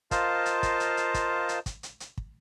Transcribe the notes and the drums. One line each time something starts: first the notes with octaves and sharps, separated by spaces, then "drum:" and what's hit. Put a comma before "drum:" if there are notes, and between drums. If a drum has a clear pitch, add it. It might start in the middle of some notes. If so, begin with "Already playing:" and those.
F4 A#4 C5 D#5 F5 A5, drum: kick, hi-hat
drum: hi-hat
drum: kick, hi-hat
drum: hi-hat
drum: hi-hat
drum: kick, hi-hat
drum: hi-hat
drum: kick, hi-hat
drum: hi-hat
drum: hi-hat
drum: kick